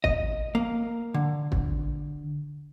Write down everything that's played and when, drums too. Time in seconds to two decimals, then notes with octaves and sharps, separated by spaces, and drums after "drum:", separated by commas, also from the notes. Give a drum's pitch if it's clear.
0.04 D#5, drum: kick
0.55 A#3
1.14 D3
1.52 drum: kick